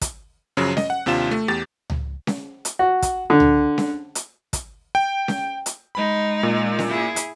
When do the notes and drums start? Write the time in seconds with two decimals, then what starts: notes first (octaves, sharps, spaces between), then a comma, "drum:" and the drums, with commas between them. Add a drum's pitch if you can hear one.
0.01 drum: kick, hi-hat
0.57 F#2 C#3 F3 F#3
0.77 D#5, drum: snare C#4
0.90 F#5
1.06 D#2 C3 D4 F4 E7
1.31 A3
1.48 E2 G4 A6
1.90 drum: tom C#2
2.27 drum: snare C#4
2.65 drum: hi-hat
2.79 F#4
3.02 drum: kick, hi-hat
3.30 D3
3.40 drum: tom C#2
3.78 drum: snare C#4
4.15 drum: hi-hat
4.53 drum: kick, hi-hat
4.95 G5
5.28 drum: snare C#4
5.66 drum: hi-hat
5.95 G#3 D#4 B5
6.43 A#2
6.79 drum: snare C#4
6.89 E4 G#4
7.16 drum: hi-hat